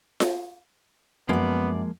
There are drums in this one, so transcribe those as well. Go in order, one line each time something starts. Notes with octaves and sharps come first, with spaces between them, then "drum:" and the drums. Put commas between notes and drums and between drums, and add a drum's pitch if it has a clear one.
drum: snare F4
F#2 F3 G#3 A#3 B3 D5